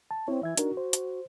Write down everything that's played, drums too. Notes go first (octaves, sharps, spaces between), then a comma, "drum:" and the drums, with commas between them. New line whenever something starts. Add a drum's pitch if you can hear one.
A5
C4 E4 C#5
E3 E5 G#6
D4 D#4 F#4 A#4, drum: hi-hat
C5
drum: hi-hat